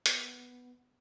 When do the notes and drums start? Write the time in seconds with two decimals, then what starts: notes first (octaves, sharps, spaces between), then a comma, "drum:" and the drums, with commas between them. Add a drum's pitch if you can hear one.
0.06 B3, drum: hi-hat